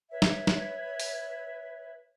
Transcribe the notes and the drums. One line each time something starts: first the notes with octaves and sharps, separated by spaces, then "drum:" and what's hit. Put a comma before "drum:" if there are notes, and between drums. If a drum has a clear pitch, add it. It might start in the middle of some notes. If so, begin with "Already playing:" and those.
B4 C#5 E5
drum: snare
drum: snare
drum: open hi-hat